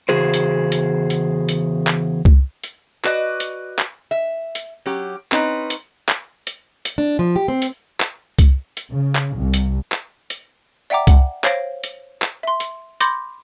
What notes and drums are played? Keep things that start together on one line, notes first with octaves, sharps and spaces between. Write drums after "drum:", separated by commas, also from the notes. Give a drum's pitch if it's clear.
E2 C#3 F#4 G#4 C5
drum: hi-hat
drum: hi-hat
drum: hi-hat
drum: hi-hat
drum: clap
drum: kick C2
drum: hi-hat
F#4 B4 D5 D#5, drum: clap
drum: hi-hat
drum: clap
E5
drum: hi-hat
F#3 C#4 G4
C4 C#4 D#4 B4, drum: clap
drum: hi-hat
drum: clap
drum: hi-hat
drum: hi-hat
D4
F3
G4
C4
drum: hi-hat
drum: clap
drum: kick C2, hi-hat
drum: hi-hat
C#3
drum: clap
C2
drum: hi-hat
drum: clap
drum: hi-hat
D5 E5 F#5 G5 A#5 D6
F#5, drum: kick C2, hi-hat
C5 C#5 F5 A6 A#6 D7, drum: clap
drum: hi-hat
drum: clap
E5 C6
drum: hi-hat
B5 C6 D6 G6 A6 A#6, drum: hi-hat